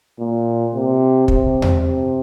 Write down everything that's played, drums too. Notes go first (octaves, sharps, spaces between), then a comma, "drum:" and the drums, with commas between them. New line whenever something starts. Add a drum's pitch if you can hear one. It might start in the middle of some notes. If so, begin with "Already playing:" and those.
A#2
C3
C3, drum: kick
drum: tom E2
C3